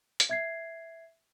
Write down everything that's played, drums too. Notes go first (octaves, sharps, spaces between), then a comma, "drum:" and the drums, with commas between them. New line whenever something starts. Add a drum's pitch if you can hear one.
drum: hi-hat
E5 G#6 C7